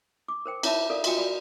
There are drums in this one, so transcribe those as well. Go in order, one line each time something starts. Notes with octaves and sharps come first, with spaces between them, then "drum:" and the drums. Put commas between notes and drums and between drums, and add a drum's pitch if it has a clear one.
D6
A#4 C5 G5
D#4 E4 C#5 E5 A5 B5, drum: cymbal
A4 A#4 D5 F5
F4 F#4 D#5 G5 G#5, drum: cymbal
F#4 D5 G#5 B5